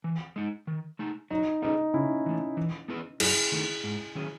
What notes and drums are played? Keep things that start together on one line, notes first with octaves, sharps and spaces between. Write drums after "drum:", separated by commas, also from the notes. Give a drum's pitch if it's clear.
E3
G#3 D#4
D#3
A3 D#4
F#3 D#4
A3 C#4 D#4 G#4 B4
C#3 C#4 E4
E3 A3
E3
B3 E4 G#4 B4
F#2 E4 G#4, drum: cymbal
D#3 A3
G#2
D#3 F#3 C#4 G#4